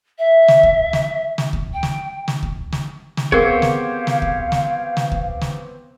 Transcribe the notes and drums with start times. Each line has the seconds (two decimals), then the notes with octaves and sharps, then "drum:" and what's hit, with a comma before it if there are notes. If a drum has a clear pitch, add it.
0.18 E5
0.48 drum: snare
0.63 drum: kick
0.93 drum: snare
1.38 drum: snare
1.53 drum: kick
1.73 G5
1.83 drum: snare
2.28 drum: snare
2.43 drum: kick
2.72 drum: snare
3.17 drum: snare
3.32 B3 C4 G4 G#4 A#4 C5 C#5 F5, drum: kick
3.62 drum: snare
4.07 drum: snare
4.22 drum: kick
4.52 drum: snare
4.97 drum: snare
5.12 drum: kick
5.41 drum: snare